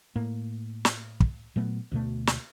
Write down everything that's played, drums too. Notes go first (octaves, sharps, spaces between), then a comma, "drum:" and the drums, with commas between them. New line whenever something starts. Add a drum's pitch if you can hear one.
A2 A#3
drum: snare
drum: kick
A#2 F#3 A3 B3
D2 B2 A3
drum: snare